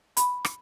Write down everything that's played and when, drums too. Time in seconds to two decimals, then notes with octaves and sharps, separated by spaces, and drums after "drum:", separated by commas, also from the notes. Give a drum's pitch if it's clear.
0.17 B5, drum: hi-hat
0.45 drum: rim click